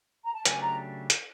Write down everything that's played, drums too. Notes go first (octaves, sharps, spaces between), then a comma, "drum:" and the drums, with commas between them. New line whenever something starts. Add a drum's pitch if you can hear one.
A#5
A5
C#3 F#3 A3 D4 G4 G#5, drum: hi-hat
A#5
drum: hi-hat